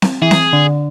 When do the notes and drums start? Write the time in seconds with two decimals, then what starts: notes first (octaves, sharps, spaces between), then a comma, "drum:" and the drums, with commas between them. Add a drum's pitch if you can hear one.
0.02 drum: snare C4
0.22 E3 G#4
0.31 drum: snare C4
0.53 D3